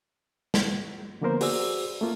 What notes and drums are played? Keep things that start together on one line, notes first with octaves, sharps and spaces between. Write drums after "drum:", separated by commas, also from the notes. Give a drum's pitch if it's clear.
drum: snare
D3 F3 A#3 B3 A#4 C5
F#4 G#4 C5 D5 E6, drum: open hi-hat
A3 A#3 F4